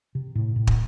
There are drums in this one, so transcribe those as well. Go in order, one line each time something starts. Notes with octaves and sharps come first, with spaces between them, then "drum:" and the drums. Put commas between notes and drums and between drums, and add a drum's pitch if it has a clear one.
C3
A2
A2
drum: kick